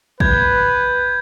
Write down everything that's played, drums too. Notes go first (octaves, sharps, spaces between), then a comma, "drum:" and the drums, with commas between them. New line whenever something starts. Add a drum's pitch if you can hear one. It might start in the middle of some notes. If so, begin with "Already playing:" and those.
B4 G6 G#6, drum: kick A1